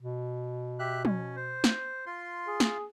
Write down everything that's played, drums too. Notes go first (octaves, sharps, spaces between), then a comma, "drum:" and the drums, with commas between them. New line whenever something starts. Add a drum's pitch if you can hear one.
B2
G4 E5 F#6
C#4, drum: tom
C5
drum: snare
F4 C6
G#4
drum: snare